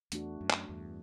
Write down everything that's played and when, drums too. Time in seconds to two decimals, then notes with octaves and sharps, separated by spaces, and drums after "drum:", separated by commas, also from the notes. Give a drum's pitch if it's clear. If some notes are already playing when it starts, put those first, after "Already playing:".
0.12 E2 A3 D4 F#4, drum: hi-hat
0.41 F#2
0.50 drum: clap
0.69 E2 G2